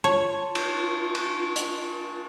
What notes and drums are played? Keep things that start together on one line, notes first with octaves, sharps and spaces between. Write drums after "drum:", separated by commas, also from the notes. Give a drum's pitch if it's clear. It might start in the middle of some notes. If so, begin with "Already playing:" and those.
F4 C#5 A5
drum: cymbal
drum: cymbal
drum: hi-hat